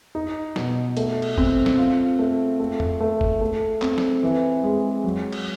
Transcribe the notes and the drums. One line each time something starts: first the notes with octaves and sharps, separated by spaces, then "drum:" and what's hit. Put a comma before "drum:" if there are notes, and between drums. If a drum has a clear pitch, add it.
D#4
B2, drum: snare
A3, drum: hi-hat
drum: cymbal
C4, drum: kick F#1
drum: snare
F4
A3
A3
drum: tom E2
A3
drum: kick F#1
A3
C4, drum: clap
drum: snare
E3
G#3
F#3
drum: cymbal